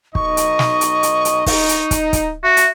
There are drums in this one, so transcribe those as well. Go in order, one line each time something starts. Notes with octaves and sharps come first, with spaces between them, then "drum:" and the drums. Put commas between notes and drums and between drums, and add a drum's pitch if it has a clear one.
B1 D#4 D#5 C#6, drum: kick
drum: hi-hat
drum: snare
drum: hi-hat
drum: hi-hat
drum: hi-hat
D#4, drum: kick, open hi-hat
drum: hi-hat
drum: kick, hi-hat
drum: kick, hi-hat
F#4 E5
drum: hi-hat